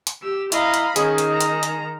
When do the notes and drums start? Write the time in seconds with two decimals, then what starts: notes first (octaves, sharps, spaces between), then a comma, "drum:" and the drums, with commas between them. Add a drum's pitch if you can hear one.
0.07 drum: hi-hat
0.22 G4 E6
0.52 E4 D#5 F5 A#5 B5, drum: hi-hat
0.74 drum: hi-hat
0.96 D#3 C#4 D#4 G#4, drum: hi-hat
1.18 drum: hi-hat
1.31 A#5
1.41 drum: hi-hat
1.63 drum: hi-hat